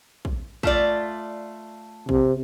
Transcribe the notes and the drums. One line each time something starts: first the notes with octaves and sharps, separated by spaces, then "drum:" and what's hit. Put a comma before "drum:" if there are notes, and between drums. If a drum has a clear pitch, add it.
drum: kick A#1
A3 F4 D5, drum: kick A#1
C3, drum: kick A#1